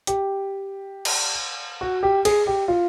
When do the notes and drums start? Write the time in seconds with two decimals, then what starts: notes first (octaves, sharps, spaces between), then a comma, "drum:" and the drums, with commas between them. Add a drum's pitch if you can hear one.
0.07 G4, drum: hi-hat
1.05 drum: cymbal
1.81 F#4
2.03 G4
2.25 G#4, drum: cymbal
2.47 G4
2.68 F4